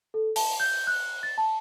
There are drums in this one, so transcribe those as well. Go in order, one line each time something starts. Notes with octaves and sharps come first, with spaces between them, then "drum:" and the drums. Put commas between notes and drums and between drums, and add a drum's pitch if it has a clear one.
A4
A5, drum: open hi-hat
G6
F#6
A6
A5